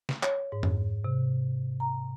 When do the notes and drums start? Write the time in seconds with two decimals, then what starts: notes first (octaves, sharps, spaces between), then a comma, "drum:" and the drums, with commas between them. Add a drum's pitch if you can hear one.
0.09 drum: snare
0.23 C#5, drum: clap
0.52 G#2
0.63 drum: tom F2
1.05 C3
1.80 A#5